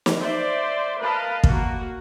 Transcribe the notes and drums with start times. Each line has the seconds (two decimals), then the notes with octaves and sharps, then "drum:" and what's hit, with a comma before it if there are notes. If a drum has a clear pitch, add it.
0.06 drum: snare
0.20 C5 D5 E5
1.01 A#4 B4 D#5 F5 A5 B5
1.44 A#3 F#4, drum: kick